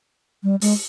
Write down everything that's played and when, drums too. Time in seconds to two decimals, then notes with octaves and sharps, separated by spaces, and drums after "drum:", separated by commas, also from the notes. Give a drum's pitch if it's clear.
0.43 G3
0.61 G#3, drum: open hi-hat